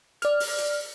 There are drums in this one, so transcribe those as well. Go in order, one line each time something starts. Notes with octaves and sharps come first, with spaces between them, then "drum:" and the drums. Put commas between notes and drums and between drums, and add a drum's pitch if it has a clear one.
D5 F6, drum: hi-hat
drum: open hi-hat
drum: hi-hat